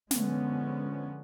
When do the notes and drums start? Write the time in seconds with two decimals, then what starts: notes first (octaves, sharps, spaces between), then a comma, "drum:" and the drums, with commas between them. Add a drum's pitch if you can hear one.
0.11 D3 F3 G#3 B3 C#4, drum: snare